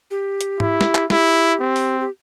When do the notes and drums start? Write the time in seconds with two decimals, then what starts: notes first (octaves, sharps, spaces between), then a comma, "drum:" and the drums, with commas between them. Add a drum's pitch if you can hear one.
0.11 G4
0.41 drum: hi-hat
0.60 E4, drum: tom G#2
0.81 drum: snare
0.95 drum: clap
1.10 E4 G4, drum: snare
1.60 C4
1.76 drum: open hi-hat
2.00 G4